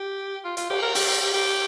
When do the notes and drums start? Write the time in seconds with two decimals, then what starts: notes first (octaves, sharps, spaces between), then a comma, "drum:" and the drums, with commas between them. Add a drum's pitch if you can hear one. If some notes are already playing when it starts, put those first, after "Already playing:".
Already playing: G4
0.44 F4
0.57 F4, drum: hi-hat
0.70 G4, drum: cymbal
0.82 A#4
0.95 G4, drum: open hi-hat
1.08 G4
1.21 G4
1.34 G4